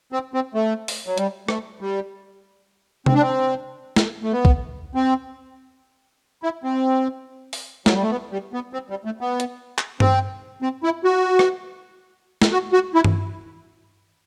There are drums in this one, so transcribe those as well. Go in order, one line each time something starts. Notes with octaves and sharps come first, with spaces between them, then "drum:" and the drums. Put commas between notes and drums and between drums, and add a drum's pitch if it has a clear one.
C4
C4
A3
drum: open hi-hat
F#3
G3, drum: hi-hat
A3, drum: rim click
G3
C4, drum: tom C3
D4
C4
drum: snare
A3
B3
drum: kick
C4
E4
C4
drum: open hi-hat
F#3, drum: snare
G3
A3
B3
G3
B3
C4
G3
A3
B3
drum: hi-hat
drum: clap
C4, drum: tom G2
C4
E4
F#4
drum: rim click
drum: snare
F#4
F#4
E4
drum: tom G2